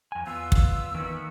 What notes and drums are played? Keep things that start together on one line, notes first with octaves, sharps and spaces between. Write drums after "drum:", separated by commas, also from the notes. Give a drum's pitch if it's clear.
F2 G#5
E2 B3 F4 E6
drum: kick
D#3 E3 A#3 B3